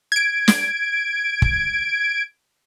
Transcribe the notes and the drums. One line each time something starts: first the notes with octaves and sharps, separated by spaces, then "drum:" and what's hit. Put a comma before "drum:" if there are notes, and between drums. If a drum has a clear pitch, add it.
G#6 D7
drum: snare
drum: kick